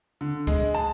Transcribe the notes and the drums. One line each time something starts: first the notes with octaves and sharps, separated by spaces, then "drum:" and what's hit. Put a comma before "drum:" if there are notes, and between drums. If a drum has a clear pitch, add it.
D3
G#3, drum: kick C#2, hi-hat
A5